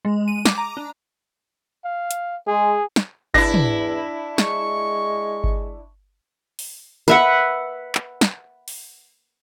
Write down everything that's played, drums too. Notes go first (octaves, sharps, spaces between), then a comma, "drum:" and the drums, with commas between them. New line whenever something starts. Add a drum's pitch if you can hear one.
G#3
D#7
D6, drum: snare
A#5
D4
F5
drum: hi-hat
G#3 G#4
drum: snare
E2 D4 E4 A#6, drum: kick G1
drum: tom
G#3 C#6, drum: snare
drum: kick G1
drum: open hi-hat
B4 E5 F#5, drum: hi-hat
drum: clap
drum: snare
drum: open hi-hat